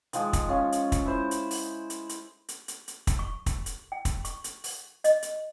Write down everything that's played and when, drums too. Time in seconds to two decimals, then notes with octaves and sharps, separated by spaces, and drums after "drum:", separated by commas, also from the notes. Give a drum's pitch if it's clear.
0.13 D#3 F3 G#3, drum: hi-hat
0.33 drum: kick, hi-hat
0.49 C#4 F4
0.72 drum: hi-hat
0.92 drum: kick, hi-hat
1.06 E4 C5
1.31 drum: hi-hat
1.51 drum: open hi-hat
1.90 drum: hi-hat
2.09 drum: hi-hat
2.48 drum: hi-hat
2.68 drum: hi-hat
2.88 drum: hi-hat
3.07 drum: kick, hi-hat
3.19 C#6
3.46 drum: kick, hi-hat
3.66 drum: hi-hat
3.92 G5
4.05 drum: kick, hi-hat
4.25 C#6, drum: hi-hat
4.44 drum: hi-hat
4.64 drum: open hi-hat
5.04 D#5, drum: hi-hat
5.22 drum: hi-hat